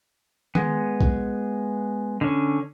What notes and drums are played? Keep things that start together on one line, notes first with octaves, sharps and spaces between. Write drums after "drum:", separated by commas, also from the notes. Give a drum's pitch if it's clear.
G#3 B3, drum: tom D#3
drum: kick B1
D3 C#4